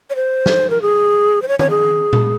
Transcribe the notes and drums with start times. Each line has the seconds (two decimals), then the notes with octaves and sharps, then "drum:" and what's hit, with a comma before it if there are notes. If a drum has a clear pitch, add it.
0.10 C#5
0.16 C5
0.46 drum: snare
0.70 A#4
0.82 G#4
1.42 C5
1.48 C#5
1.59 C#5, drum: tom D#3
1.70 G#4
2.13 drum: tom A#2